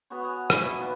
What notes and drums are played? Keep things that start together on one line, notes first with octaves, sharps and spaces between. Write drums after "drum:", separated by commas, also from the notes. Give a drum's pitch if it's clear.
B3 F#4 G#4 C#5
G#4 C#5 F#5
D#4 E4, drum: rim click
A#2 D#3 B3